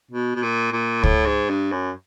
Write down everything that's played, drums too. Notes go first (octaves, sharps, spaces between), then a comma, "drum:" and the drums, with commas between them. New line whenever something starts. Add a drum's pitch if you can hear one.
B2
B2
A#2
A#2
A2, drum: kick C#2
G#2
G2
F#2